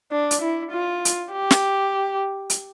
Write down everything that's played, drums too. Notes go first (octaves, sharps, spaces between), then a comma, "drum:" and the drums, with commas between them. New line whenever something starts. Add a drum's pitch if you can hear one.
D4
drum: hi-hat
E4
F4
drum: hi-hat
G4
drum: snare
drum: hi-hat